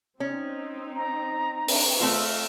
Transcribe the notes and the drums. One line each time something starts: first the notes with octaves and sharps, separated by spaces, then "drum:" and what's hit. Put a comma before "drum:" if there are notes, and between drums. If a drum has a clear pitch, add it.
C4 C#4 D#4
A#5
C4 D4, drum: open hi-hat
A3 C4 F4 E5